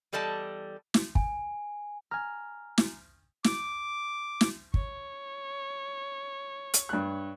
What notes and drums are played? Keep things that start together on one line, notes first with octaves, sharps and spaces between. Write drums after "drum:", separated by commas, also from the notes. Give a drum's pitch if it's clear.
E2 G3 A4 D5 D#5 A5
drum: snare
G#5, drum: kick
G#5 A#5 F6
drum: snare
D6, drum: snare
drum: snare
C#5, drum: kick
drum: hi-hat
G2 F#6